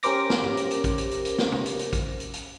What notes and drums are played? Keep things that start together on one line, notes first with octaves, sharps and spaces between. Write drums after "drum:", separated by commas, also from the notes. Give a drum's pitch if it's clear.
C#4 G4 A#4 C5 D6 A#6, drum: hi-hat
drum: snare
drum: tom
drum: hi-hat
drum: hi-hat
drum: kick, hi-hat
drum: hi-hat
drum: hi-hat
drum: hi-hat
drum: snare
drum: tom
drum: hi-hat
drum: hi-hat
drum: kick, hi-hat
drum: hi-hat
drum: hi-hat